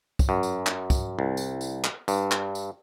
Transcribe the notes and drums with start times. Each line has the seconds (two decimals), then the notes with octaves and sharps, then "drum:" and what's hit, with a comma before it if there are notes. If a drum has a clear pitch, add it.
0.19 drum: kick, tambourine
0.29 F#2
0.43 drum: tambourine
0.67 drum: clap
0.90 drum: kick, tambourine
1.19 C2
1.37 drum: tambourine
1.61 drum: tambourine
1.84 drum: clap
2.08 G2, drum: tambourine
2.32 drum: clap
2.55 drum: tambourine